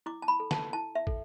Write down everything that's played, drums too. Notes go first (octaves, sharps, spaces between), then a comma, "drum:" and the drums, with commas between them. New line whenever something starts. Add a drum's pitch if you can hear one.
E4 D6
A5
B5
A4
A5, drum: snare
E4 A5
E5
A4, drum: kick